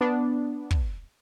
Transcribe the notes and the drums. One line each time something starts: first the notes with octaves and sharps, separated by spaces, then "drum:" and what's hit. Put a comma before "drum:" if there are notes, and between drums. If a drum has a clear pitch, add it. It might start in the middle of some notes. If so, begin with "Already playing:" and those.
B3 D4
drum: kick